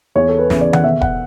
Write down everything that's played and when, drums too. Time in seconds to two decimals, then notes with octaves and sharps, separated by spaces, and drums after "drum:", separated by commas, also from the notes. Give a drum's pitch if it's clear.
0.15 E2 C#5
0.29 A4
0.39 B4
0.50 C#3 E3 B3, drum: snare
0.61 D5
0.73 F#5, drum: tom D#3
0.83 B2 E5
1.01 F#5, drum: kick E1